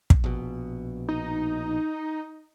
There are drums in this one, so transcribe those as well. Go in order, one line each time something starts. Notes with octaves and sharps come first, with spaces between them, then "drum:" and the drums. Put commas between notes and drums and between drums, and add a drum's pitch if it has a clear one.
drum: kick
A#1 B2
D#4